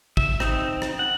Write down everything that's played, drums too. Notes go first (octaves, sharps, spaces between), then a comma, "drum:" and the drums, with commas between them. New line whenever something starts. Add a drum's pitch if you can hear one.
E5, drum: kick G#1
C4 D#4, drum: rim click
drum: rim click
F#5